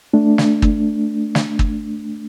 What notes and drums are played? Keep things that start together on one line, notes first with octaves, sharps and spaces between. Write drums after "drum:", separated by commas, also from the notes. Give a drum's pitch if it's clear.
A3 D4
drum: snare
drum: kick
drum: snare
drum: kick